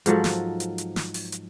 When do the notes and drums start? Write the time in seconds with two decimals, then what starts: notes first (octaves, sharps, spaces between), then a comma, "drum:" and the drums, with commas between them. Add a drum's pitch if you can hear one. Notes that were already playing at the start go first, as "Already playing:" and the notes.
0.06 G#2 F3 F#3 A4, drum: hi-hat
0.24 drum: snare
0.60 drum: hi-hat
0.78 drum: hi-hat
0.96 drum: snare
1.14 drum: open hi-hat
1.32 drum: hi-hat